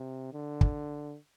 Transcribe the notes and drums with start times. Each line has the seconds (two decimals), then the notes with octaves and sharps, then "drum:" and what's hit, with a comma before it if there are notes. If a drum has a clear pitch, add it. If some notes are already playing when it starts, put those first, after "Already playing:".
Already playing: C3
0.33 D3
0.61 drum: kick